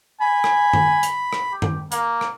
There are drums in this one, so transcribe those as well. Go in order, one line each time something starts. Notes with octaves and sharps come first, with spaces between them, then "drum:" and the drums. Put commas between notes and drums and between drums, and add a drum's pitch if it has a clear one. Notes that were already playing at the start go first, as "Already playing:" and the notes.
G#5 B5
drum: rim click
drum: tom F#2
drum: hi-hat
drum: rim click
G4
drum: tom F#2
A#3, drum: hi-hat
drum: rim click